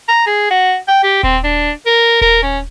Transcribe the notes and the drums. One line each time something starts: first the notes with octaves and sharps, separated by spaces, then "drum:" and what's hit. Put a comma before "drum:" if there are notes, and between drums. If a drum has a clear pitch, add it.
A#5
G#4
F#4
G5
G4
C4, drum: kick D#1
D4
A#4
A#4, drum: kick D#1
C#4